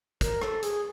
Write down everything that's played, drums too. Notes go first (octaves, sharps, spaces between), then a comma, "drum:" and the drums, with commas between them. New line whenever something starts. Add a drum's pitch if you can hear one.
A#4, drum: kick, hi-hat
A4, drum: rim click
G#4, drum: hi-hat